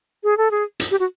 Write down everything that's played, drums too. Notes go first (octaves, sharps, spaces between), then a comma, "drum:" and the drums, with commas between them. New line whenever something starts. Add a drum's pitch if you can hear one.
G#4
A4
G#4
drum: hi-hat
G4
F#4